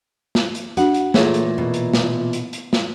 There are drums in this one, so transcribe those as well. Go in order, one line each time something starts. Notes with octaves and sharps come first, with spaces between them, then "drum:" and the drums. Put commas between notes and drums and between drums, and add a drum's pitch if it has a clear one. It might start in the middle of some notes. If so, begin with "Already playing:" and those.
drum: snare
drum: hi-hat
D4 F#4 F#5, drum: hi-hat
drum: hi-hat
A#2 E3 A3 F4 G#4 C#5, drum: snare
drum: hi-hat
B2
drum: hi-hat
drum: snare
drum: hi-hat
drum: hi-hat
drum: snare